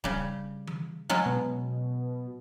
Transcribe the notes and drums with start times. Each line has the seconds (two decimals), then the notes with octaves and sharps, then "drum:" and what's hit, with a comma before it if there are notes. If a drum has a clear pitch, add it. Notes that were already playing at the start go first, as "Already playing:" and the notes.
0.04 C#3 G3, drum: kick D1
0.67 drum: tom E3
1.09 F#3 G#3 C#4
1.26 B2